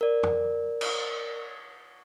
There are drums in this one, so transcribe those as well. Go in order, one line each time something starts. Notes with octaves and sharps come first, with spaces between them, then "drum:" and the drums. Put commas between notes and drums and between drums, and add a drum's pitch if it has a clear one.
A#4 D5
drum: tom
drum: cymbal